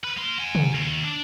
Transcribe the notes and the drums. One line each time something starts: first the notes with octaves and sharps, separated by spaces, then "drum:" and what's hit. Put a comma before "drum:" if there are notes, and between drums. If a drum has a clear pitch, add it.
B4 B5
A#3 C6
F#5 G#5
drum: tom
D#2
D4